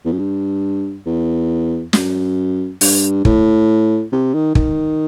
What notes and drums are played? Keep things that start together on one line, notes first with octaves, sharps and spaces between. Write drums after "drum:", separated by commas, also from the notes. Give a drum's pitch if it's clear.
E2
F#2
G2
E2
F#2, drum: snare
G2, drum: open hi-hat
A2, drum: kick
C3
D#3
D#3, drum: kick